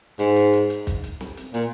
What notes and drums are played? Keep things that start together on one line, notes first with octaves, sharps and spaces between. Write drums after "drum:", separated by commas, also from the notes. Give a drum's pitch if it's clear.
G#2, drum: hi-hat
drum: hi-hat
drum: hi-hat
drum: hi-hat
drum: kick, hi-hat
drum: hi-hat
drum: snare
drum: hi-hat
A#2, drum: hi-hat